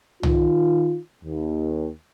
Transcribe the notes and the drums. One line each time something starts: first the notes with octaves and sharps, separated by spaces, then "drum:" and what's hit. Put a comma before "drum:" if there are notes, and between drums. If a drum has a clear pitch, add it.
D#3 D#4 F4, drum: tom C2
D#2